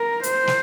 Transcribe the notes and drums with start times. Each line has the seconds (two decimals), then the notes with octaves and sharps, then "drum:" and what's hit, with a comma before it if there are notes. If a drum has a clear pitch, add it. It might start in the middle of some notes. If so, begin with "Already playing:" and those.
Already playing: A#4
0.23 C5, drum: hi-hat
0.47 drum: snare